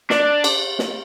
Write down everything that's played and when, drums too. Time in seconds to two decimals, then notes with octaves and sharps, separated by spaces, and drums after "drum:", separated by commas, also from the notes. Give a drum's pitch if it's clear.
0.10 D4, drum: snare
0.44 drum: cymbal
0.79 drum: snare